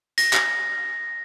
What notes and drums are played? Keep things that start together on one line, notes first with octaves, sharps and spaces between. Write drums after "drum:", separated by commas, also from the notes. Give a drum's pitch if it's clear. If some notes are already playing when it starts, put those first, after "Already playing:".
A#6, drum: hi-hat
drum: clap